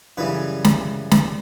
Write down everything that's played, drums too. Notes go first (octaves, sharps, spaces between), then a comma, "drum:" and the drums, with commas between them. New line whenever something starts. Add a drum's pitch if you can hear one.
F#2 C#3 E3 G3 B4
drum: snare
drum: snare